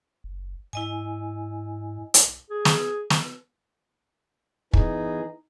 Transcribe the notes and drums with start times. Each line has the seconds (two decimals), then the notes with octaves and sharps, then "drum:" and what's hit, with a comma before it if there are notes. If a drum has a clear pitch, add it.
0.24 F#1
0.73 G#2 E4 D#5 G#5
2.14 drum: hi-hat
2.50 G#4
2.65 drum: snare
3.10 drum: snare
4.73 E3 B3 D#4 G#4, drum: kick